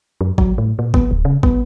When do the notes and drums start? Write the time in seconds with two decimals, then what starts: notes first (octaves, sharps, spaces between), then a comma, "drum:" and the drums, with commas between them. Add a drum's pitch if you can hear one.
0.21 F#2
0.38 F#3, drum: kick
0.58 A2
0.79 A#2
0.94 B3, drum: kick
1.11 D1
1.25 C#3
1.43 B3, drum: kick